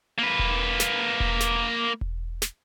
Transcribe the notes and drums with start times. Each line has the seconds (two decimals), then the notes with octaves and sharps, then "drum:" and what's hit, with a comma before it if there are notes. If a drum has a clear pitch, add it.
0.19 A#3 B4
0.39 drum: kick E1
0.80 drum: snare
1.20 drum: kick E1
1.40 drum: snare
2.01 drum: kick E1
2.42 drum: snare